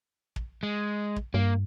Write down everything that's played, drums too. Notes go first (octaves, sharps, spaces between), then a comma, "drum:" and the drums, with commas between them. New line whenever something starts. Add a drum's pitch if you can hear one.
drum: kick
G#3
drum: kick
G2 A#3